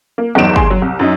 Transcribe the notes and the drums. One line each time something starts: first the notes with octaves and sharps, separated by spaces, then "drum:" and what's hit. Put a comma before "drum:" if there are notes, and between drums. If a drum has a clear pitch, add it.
A#3
G1 E2 F#3 D#4 D7 E7
D#2 G#4 C6, drum: kick
F#3
C2
F#2 F#3 D#4